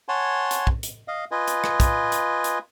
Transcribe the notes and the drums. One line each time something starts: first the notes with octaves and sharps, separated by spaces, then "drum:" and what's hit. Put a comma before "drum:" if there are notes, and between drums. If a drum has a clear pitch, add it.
C#5 F#5 G#5 A5 C6
drum: hi-hat
drum: kick
drum: hi-hat
D#5 F5
F4 B4 D#5 G#5
drum: hi-hat
drum: rim click
drum: kick, hi-hat
drum: hi-hat
drum: hi-hat